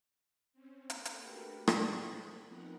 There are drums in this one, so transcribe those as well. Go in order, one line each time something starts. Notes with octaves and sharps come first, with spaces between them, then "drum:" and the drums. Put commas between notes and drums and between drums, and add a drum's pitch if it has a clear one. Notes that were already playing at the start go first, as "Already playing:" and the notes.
C4 C#4
A#3 A4 B4, drum: hi-hat
drum: hi-hat
A3 D4 F#4 G4 A#4 B4
D5 B5 C6, drum: rim click
G#4 C5
F3 B3 C4 D#4 A#4 F#5